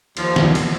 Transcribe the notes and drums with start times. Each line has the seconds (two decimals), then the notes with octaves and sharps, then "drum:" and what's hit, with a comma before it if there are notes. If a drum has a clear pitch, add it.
0.17 D#2 F3, drum: cymbal
0.36 drum: snare
0.55 drum: cymbal